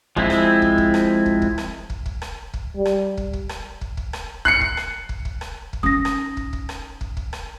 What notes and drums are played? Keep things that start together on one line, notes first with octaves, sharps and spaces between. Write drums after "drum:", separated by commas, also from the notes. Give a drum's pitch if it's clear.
F3 G#3 C4 E4, drum: kick
drum: rim click
drum: kick
drum: kick
drum: rim click
drum: kick
drum: kick
drum: rim click
drum: kick
drum: kick
drum: rim click
drum: kick
G3
drum: rim click
drum: kick
drum: kick
drum: rim click
drum: kick
drum: kick
drum: rim click
F#6 C7 C#7, drum: kick
drum: kick
drum: rim click
drum: kick
drum: kick
drum: rim click
drum: kick
C#4 D#4 D#6 A#6
drum: rim click
drum: kick
drum: kick
drum: rim click
drum: kick
drum: kick
drum: rim click